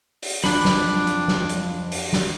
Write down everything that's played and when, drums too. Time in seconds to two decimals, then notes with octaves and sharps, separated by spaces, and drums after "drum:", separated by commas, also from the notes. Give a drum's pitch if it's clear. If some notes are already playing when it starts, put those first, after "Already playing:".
0.22 drum: open hi-hat
0.44 F2 D4 B5, drum: snare
0.65 drum: snare
1.07 drum: hi-hat
1.28 drum: snare
1.49 drum: hi-hat
1.92 drum: open hi-hat
2.13 drum: snare